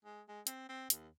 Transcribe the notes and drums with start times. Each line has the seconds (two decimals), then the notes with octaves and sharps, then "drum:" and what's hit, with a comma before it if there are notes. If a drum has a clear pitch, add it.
0.05 G#3
0.29 G#3
0.47 C4, drum: hi-hat
0.69 C4
0.90 D#2, drum: hi-hat